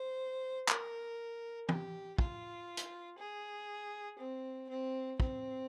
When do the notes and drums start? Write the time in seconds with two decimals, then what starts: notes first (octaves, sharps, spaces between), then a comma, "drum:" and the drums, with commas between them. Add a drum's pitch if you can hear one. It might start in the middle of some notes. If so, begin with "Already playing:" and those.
Already playing: C5
0.68 A#4, drum: clap
1.69 G4, drum: tom E3
2.18 F4, drum: kick
2.77 drum: hi-hat
3.18 G#4
4.19 C4
4.69 C4
5.20 C4, drum: kick